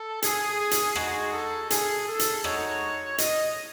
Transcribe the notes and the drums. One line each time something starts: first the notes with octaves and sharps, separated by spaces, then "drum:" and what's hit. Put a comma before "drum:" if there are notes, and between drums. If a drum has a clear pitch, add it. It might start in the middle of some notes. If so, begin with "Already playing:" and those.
Already playing: A4
G#4, drum: hi-hat
drum: hi-hat
G#3 D#4 F#4 G#4, drum: rim click
A4
G#4, drum: hi-hat
A4
drum: hi-hat
G#3 D#4 F#4 C#5, drum: rim click
D#5, drum: hi-hat